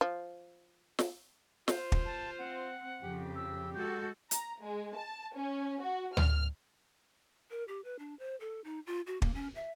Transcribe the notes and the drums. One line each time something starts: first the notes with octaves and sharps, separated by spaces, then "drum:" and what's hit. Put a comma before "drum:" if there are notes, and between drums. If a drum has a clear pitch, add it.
F3
drum: snare
F4 C5, drum: snare
drum: kick
A5
C4 F#5
F2 C#3 G4
E6
G#3 F#4 A4 G6
A#5, drum: hi-hat
G#3
A5
C#4
F#4
F6, drum: tom D2
A#4
G4
B4
D4
C5
A4
D#4
F4
F#4
A#3, drum: kick
C#4
E5